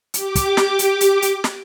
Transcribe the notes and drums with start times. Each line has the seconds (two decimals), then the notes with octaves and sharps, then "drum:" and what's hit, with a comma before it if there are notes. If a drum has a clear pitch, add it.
0.14 G4 D6, drum: hi-hat
0.35 drum: kick, hi-hat
0.57 drum: snare
0.79 drum: hi-hat
1.01 drum: hi-hat
1.22 drum: hi-hat
1.44 drum: snare